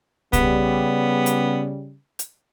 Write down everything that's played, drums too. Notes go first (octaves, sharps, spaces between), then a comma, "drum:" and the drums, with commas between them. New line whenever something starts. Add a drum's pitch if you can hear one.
C#3 G3 B3, drum: kick B1, hi-hat
drum: hi-hat
drum: hi-hat